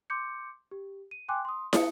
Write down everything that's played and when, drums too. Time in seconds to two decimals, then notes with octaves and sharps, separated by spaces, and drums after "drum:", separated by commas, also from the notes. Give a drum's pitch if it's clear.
0.10 C6 D6 G6 C#7
0.71 G4
1.11 D#7
1.29 G5 G#5 C6 D6 F#6
1.45 C6 D#6
1.73 D#5 F5 A5 D#6 C#7, drum: snare